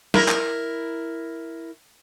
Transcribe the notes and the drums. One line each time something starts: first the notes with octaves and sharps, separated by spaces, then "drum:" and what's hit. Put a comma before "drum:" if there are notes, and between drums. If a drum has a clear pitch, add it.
E4 A#4, drum: snare
drum: clap